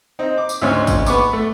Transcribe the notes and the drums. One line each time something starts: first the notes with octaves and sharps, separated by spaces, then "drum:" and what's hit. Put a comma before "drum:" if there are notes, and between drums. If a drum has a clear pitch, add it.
C4 D#4
D6
drum: tambourine
D2 G#2 C4 C#4 C#5 F6
drum: kick G#1, tambourine
B3 C#6 D6, drum: tambourine
A3